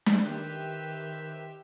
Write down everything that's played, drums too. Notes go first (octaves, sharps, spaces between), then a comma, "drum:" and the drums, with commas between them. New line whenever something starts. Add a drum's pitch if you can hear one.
drum: snare
D#3 G4 B4 C5 E5